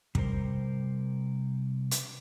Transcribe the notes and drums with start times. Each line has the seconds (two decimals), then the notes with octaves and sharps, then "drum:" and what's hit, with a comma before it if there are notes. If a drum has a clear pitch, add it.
0.15 C3 G3 A#4 C5, drum: kick
1.91 drum: hi-hat